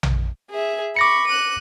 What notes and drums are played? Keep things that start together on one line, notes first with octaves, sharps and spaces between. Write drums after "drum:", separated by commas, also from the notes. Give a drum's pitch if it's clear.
drum: tom A#1
G#4 E5
B5 C#6 D6 A#6 C#7
F#6 D#7